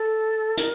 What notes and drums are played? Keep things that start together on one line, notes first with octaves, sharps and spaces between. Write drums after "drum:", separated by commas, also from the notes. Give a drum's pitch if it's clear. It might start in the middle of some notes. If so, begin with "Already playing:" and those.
Already playing: A4
A#4, drum: hi-hat